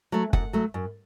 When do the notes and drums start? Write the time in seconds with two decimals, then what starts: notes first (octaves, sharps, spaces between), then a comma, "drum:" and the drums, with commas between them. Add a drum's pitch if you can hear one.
0.12 F#3 A3
0.33 F#2 F#5, drum: kick F#1
0.53 F#3 A3
0.74 F#2